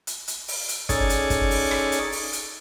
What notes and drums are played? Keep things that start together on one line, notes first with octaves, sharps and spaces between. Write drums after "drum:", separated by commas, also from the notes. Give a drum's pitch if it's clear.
drum: hi-hat
drum: hi-hat
drum: open hi-hat
drum: hi-hat
C#4 D#4 G#4 A4 C#5 D5, drum: kick, hi-hat
drum: hi-hat
drum: kick, hi-hat
drum: open hi-hat
drum: rim click
drum: hi-hat
drum: open hi-hat
drum: hi-hat